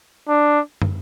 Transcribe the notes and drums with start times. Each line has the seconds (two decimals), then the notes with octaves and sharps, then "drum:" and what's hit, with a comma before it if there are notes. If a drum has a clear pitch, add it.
0.28 D4
0.82 drum: tom